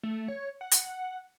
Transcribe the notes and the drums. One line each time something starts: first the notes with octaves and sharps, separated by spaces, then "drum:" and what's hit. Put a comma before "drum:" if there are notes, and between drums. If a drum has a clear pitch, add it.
A3
C#5
F#5
drum: hi-hat